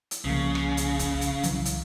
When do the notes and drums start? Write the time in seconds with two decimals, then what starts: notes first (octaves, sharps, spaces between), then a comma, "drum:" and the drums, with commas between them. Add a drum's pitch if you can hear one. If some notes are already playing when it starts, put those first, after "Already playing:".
0.11 drum: hi-hat
0.25 C2 C#3 F3 A#3
0.55 drum: rim click
0.77 drum: hi-hat
0.99 drum: kick, hi-hat
1.21 drum: hi-hat
1.43 C2 E3 F#3, drum: hi-hat
1.65 drum: hi-hat